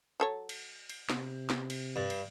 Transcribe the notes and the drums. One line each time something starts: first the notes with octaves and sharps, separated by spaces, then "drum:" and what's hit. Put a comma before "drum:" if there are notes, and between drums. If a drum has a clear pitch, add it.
F#3 A4 C#5
drum: cymbal
drum: cymbal
C3, drum: snare
drum: snare
drum: cymbal
G2
drum: cymbal